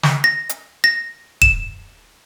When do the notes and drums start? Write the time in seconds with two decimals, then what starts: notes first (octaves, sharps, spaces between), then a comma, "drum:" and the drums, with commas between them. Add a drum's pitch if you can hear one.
0.03 drum: snare
0.24 A#6
0.49 drum: hi-hat
0.84 A#6
1.42 E7, drum: kick D#1